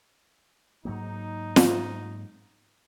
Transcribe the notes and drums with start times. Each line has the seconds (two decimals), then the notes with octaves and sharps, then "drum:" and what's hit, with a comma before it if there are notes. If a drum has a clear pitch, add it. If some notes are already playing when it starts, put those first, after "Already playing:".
0.85 G#2 F#3 A#3 D#4
1.56 drum: snare